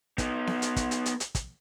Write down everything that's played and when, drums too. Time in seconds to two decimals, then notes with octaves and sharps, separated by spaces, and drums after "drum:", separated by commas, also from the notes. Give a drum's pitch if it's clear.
0.18 B3 D#4, drum: kick, hi-hat
0.47 drum: snare B3
0.62 drum: hi-hat
0.76 drum: kick, hi-hat
0.91 drum: hi-hat
1.06 drum: hi-hat
1.20 drum: hi-hat
1.35 drum: kick, hi-hat